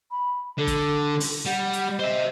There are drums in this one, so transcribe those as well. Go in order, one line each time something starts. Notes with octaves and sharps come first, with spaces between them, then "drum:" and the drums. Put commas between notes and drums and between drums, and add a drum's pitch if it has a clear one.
B5
D3 A4
drum: kick, hi-hat
drum: open hi-hat
G3 F#5
drum: hi-hat
C5 D#5 E5